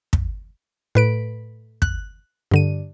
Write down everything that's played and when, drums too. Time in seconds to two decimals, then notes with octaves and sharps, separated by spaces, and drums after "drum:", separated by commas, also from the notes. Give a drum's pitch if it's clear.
0.13 drum: kick
0.95 A2 B4 D7
1.82 F#6, drum: kick
2.51 G2 D3 D#7